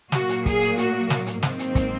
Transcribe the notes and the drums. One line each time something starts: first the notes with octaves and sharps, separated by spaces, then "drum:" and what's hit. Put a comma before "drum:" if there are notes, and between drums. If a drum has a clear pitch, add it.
A#2 F#3 A#3 F#4, drum: snare
drum: hi-hat
G#4, drum: kick, hi-hat
drum: hi-hat
F#4, drum: hi-hat
drum: snare
drum: hi-hat
G#2 D#3 F#3 A#3 C4, drum: snare
drum: hi-hat
drum: kick, hi-hat